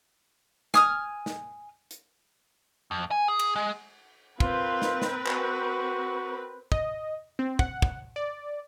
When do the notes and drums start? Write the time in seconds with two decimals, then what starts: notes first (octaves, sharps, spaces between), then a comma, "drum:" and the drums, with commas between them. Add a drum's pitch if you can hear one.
0.74 G#5 D#6 F6, drum: snare
1.26 drum: snare
1.91 drum: hi-hat
2.91 F2
3.11 G#5
3.28 G#4
3.39 drum: cymbal
3.56 G#3
4.40 C4 F4 A#4 B4, drum: kick
4.82 drum: snare
5.02 drum: snare
5.26 F#4, drum: clap
6.72 D#5, drum: kick
7.39 C4
7.59 F#5, drum: kick
7.82 drum: kick
8.16 D5